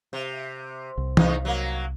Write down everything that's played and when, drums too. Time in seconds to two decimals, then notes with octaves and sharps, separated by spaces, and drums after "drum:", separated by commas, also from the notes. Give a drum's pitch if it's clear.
0.13 C3
0.98 C2
1.17 E2 D#4, drum: tom
1.45 F#3 A#3